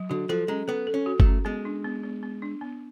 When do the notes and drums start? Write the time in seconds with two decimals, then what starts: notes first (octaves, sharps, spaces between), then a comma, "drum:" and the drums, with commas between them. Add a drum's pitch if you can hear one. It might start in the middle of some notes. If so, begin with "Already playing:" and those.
Already playing: F#3
0.10 D3 F#4
0.29 F3 A4
0.48 G#3 C#4
0.68 B3 A4
0.87 A4
0.94 C#4
1.06 F#4
1.20 A3, drum: kick G1
1.26 C#4
1.45 G#3 B3
1.65 D4
1.84 B3
2.03 B3
2.23 B3
2.42 D4
2.61 B3